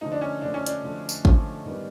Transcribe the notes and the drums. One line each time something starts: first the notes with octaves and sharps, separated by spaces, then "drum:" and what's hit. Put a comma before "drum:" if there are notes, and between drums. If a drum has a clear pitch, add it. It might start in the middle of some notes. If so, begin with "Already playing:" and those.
D3 F3 A3 D#4
D4
C#4
D3 F3 A3 D4
C#4
D4, drum: hi-hat
D3 F3 A3
drum: tambourine
D3 F3 A3, drum: kick G#1
G#2 D#3 G3 B3